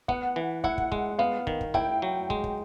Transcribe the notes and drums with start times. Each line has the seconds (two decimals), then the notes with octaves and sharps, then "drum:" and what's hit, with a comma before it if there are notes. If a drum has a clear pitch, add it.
0.08 B3 F#5, drum: kick
0.36 E3
0.64 E4 F#5, drum: kick
0.78 drum: kick
0.92 G#3, drum: kick
1.19 B3 F5
1.47 D#3, drum: kick
1.61 drum: kick
1.74 E4 G5, drum: kick
2.02 F#3
2.30 G#3, drum: kick
2.44 drum: kick